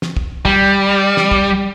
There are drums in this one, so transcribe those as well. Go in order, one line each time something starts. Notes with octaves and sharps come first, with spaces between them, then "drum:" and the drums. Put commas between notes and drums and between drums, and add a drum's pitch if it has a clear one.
drum: snare
drum: kick
G3, drum: kick
drum: snare
drum: kick